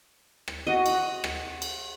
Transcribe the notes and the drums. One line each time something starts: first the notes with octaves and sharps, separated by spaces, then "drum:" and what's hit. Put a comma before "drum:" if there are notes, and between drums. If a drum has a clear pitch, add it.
drum: rim click
F#4 D#5
drum: cymbal
drum: rim click
drum: cymbal